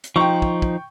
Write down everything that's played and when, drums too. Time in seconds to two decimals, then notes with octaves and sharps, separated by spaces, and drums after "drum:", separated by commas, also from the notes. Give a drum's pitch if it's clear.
0.04 drum: hi-hat
0.16 F3 D#4 G5 C#6
0.42 drum: kick
0.62 drum: kick